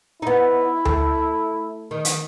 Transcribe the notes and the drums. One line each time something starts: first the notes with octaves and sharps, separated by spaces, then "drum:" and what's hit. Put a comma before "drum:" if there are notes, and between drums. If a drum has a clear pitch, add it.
B3 D#4 E4
A3, drum: tom D2
D#3
drum: hi-hat